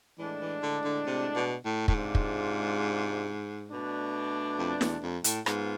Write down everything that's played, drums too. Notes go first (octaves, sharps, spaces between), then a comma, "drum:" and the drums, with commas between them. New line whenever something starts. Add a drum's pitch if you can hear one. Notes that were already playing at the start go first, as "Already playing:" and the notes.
A2 E3 G#3 D4
E3
D3
D3
C3
B2
A2
A2, drum: kick
G#2 C3 G#3 D4 F4
drum: kick
B2 A3 D4
F2
E2, drum: snare
F2
A2, drum: hi-hat
G#2 B3 F4, drum: rim click